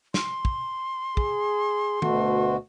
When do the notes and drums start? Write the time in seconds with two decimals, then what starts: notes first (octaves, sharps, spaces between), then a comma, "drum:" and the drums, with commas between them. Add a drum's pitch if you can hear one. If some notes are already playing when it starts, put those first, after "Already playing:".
0.14 C6, drum: snare
0.45 drum: kick
1.17 G#4, drum: kick
2.02 D2 B2 A3 F#4, drum: tom